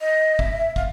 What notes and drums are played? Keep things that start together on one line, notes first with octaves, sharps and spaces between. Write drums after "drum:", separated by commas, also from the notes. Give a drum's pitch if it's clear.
D#5
E5, drum: kick
F5, drum: kick